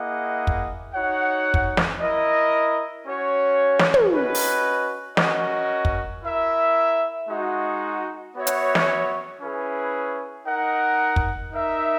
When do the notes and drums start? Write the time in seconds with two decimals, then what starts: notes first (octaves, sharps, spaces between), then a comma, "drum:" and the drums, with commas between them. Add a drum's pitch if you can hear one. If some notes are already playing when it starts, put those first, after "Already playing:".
Already playing: A#3 E4 G#4 D#5 F#5
0.47 drum: kick
0.94 D#4 F#4 C#5 F#5
1.54 drum: kick
1.77 drum: snare
2.00 E4 A#4 D#5
3.06 C#4 F#4 C#5
3.79 drum: snare
3.94 drum: tom
4.11 C#4 F#4 B4 D#5
4.35 drum: open hi-hat
5.17 C#4 F#4 A#4 D#5, drum: snare
5.85 drum: kick
6.23 E4 A#4 E5
7.29 G#3 D#4 F#4
8.36 B3 F#4 C#5 E5
8.47 drum: hi-hat
8.75 drum: snare
9.41 C#4 E4 G#4 B4
10.47 D#4 A#4 D#5 F#5
11.16 drum: kick
11.53 D#4 A#4 E5